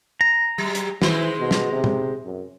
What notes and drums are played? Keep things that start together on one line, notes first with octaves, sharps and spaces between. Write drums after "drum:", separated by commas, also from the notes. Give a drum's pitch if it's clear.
A#5
F#3 G3
drum: hi-hat
D#3 E3 G#3 C5, drum: snare
B2
drum: snare
C3
drum: tom
F#2